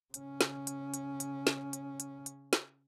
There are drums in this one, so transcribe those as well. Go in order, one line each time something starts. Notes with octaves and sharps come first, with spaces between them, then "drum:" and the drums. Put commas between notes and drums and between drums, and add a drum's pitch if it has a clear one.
C#3 C#4, drum: hi-hat
drum: snare
drum: hi-hat
drum: hi-hat
drum: hi-hat
drum: snare
drum: hi-hat
drum: hi-hat
drum: hi-hat
drum: snare